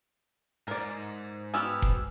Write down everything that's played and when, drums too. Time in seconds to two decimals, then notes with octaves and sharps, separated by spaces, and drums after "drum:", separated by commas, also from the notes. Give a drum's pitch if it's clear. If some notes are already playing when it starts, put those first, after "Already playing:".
0.68 G#2 A#4 D5
1.54 B3 F#4 G4 G#5 E6 F6
1.82 drum: kick F1